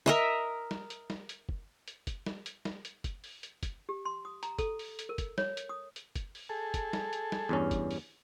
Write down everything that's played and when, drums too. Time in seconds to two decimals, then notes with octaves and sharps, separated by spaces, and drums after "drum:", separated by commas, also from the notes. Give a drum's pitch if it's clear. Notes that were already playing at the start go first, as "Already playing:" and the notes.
0.06 A#4 D#5 E5
0.71 drum: snare
0.90 drum: hi-hat
1.10 drum: snare
1.29 drum: hi-hat
1.49 drum: kick
1.88 drum: hi-hat
2.07 drum: kick, hi-hat
2.26 drum: snare
2.46 drum: hi-hat
2.65 drum: snare
2.85 drum: hi-hat
3.04 drum: kick, hi-hat
3.24 drum: open hi-hat
3.43 drum: hi-hat
3.63 drum: kick, hi-hat
3.89 G4
4.05 C6
4.25 D#6
4.43 A#5, drum: hi-hat
4.59 A4, drum: kick, hi-hat
4.79 drum: open hi-hat
4.99 drum: hi-hat
5.09 A#4
5.18 drum: kick, hi-hat
5.38 C#5, drum: snare
5.57 drum: hi-hat
5.69 D#6
5.96 drum: hi-hat
6.16 drum: kick, hi-hat
6.35 drum: open hi-hat
6.49 G#4 A4
6.74 drum: kick, hi-hat
6.93 drum: snare
7.13 drum: hi-hat
7.32 drum: snare
7.49 E2 G2 C#4
7.71 drum: kick, hi-hat
7.91 drum: open hi-hat